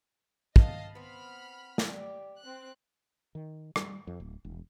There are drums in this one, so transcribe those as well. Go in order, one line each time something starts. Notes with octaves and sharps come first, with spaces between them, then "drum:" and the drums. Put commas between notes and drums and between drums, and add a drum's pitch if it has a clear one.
D#5 F5 A5, drum: kick
B3 C4 B5 F6
G4 D5, drum: snare
C4 F#6
D#3
G3, drum: rim click
F2
D1
E1